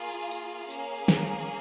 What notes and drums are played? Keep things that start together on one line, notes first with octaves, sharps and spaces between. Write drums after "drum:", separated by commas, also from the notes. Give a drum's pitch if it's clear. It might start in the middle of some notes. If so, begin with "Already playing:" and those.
Already playing: A#3 F4 G#4 F5
F5, drum: tambourine
A#3 C#4 G#4, drum: tambourine
drum: snare